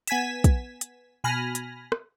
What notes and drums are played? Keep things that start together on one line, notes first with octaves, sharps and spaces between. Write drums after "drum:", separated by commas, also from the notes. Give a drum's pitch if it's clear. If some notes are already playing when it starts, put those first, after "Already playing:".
B3 G#5 G#6 B6 E7, drum: hi-hat
drum: kick, hi-hat
drum: hi-hat
B2 G#5 B5 F6 A#6
drum: hi-hat
drum: rim click